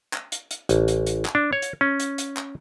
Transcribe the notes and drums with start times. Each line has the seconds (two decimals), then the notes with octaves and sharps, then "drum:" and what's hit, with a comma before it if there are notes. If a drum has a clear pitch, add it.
0.13 drum: clap
0.32 drum: hi-hat
0.51 drum: hi-hat
0.69 A1, drum: hi-hat
0.88 drum: hi-hat
1.07 drum: hi-hat
1.25 drum: clap
1.35 D4
1.53 C#5
1.62 drum: hi-hat
1.81 C#4
2.00 drum: hi-hat
2.18 drum: hi-hat
2.37 drum: clap